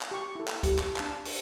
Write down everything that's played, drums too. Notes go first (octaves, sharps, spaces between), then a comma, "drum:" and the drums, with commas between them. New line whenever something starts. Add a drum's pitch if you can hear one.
drum: clap
G4 C#6
E4 A4
drum: clap
G4, drum: kick C#2, hi-hat
drum: clap
D4 A5, drum: clap
drum: open hi-hat